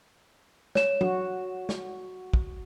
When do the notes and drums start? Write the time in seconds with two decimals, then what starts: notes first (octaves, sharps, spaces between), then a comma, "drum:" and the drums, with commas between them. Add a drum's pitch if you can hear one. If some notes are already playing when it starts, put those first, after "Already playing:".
0.75 C#5 E7, drum: snare
1.01 F#4, drum: tom
1.69 drum: snare
2.34 drum: kick